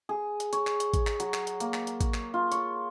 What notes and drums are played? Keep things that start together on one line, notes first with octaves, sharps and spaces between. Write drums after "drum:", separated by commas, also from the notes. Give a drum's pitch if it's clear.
G#4
drum: hi-hat
C#5, drum: hi-hat
drum: clap
drum: hi-hat
drum: kick, hi-hat
drum: clap
F#3, drum: hi-hat
drum: clap
drum: hi-hat
A#3, drum: hi-hat
drum: clap
drum: hi-hat
drum: kick, hi-hat
drum: clap
F4
C#5, drum: hi-hat